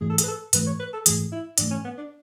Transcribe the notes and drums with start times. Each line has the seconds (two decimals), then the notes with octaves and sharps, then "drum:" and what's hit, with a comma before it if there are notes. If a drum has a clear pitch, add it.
0.01 G#2 E3 A3 G#4
0.10 A4
0.18 G#4, drum: hi-hat
0.23 B4
0.28 A4
0.53 G#2 E3 A3 B4, drum: hi-hat
0.67 C#5
0.80 B4
0.93 A4
1.06 G#2 E3 A3 G#4, drum: hi-hat
1.32 E4
1.58 G#2 E3 A3 D4, drum: hi-hat
1.71 C#4
1.85 B3
1.98 D4